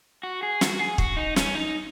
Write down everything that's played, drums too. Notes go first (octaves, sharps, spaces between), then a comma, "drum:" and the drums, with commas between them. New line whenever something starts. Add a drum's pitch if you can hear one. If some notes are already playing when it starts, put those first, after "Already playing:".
F#4
G#4
F#4, drum: snare
G#4
F#4, drum: kick
D#4
C#4, drum: snare
D#4